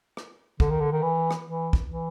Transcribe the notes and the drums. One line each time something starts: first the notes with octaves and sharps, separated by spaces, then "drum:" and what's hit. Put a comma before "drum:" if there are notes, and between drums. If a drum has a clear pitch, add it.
drum: rim click
D3, drum: kick
D#3
D3
D#3
E3
drum: rim click
E3
drum: kick
E3